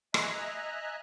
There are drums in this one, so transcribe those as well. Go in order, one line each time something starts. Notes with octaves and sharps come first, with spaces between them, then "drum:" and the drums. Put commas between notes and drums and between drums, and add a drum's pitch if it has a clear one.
D#5 E5 G#5 A#5 F#6, drum: rim click